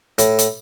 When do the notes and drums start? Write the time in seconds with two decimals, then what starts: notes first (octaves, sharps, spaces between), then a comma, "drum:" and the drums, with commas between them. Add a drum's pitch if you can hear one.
0.18 A2, drum: hi-hat
0.39 drum: hi-hat